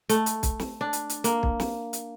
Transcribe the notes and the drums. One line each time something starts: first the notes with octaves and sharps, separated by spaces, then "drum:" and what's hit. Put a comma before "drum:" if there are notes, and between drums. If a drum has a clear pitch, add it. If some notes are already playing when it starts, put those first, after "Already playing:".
A3, drum: hi-hat
drum: hi-hat
drum: kick, hi-hat
drum: snare
D4
drum: hi-hat
drum: hi-hat
A#3, drum: hi-hat
drum: kick
drum: snare
drum: hi-hat